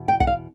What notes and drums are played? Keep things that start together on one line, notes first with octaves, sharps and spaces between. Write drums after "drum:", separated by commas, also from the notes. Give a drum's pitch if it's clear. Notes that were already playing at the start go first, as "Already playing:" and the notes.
Already playing: E2 B2
G5
F#5, drum: kick
F5